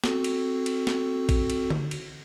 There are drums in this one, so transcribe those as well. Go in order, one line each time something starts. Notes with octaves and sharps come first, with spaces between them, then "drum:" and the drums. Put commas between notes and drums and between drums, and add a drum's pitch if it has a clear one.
C4 F#4 A4, drum: snare
drum: cymbal
drum: cymbal
drum: snare
drum: kick A1, cymbal
drum: cymbal
drum: tom D3
drum: cymbal